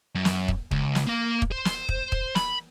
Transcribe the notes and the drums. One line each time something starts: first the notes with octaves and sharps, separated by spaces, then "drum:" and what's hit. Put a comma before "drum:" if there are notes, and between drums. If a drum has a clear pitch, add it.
F#2
drum: snare
drum: kick
C#2, drum: kick
drum: snare
A#3 F5
drum: kick
C5
drum: snare
drum: kick
drum: kick
B5, drum: snare